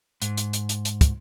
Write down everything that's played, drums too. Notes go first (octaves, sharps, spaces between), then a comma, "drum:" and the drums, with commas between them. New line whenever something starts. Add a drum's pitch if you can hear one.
G#2, drum: hi-hat
drum: hi-hat
drum: hi-hat
drum: hi-hat
drum: hi-hat
drum: kick, hi-hat